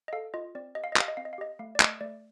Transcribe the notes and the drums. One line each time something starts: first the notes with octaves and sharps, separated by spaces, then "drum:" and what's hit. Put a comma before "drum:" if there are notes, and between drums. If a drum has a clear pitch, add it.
D#5
A4 F5
F4 D#5
C4 D5
G4 D#5
F5
D#5
G4 F5, drum: clap
D#5
C4 F5
D#5
F5
G4 D#5
A3 F5
D5
A3 D#5, drum: clap
A3 D5